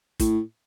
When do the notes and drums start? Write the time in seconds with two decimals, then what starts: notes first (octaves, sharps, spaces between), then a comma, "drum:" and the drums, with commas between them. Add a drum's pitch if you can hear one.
0.20 A2, drum: kick, hi-hat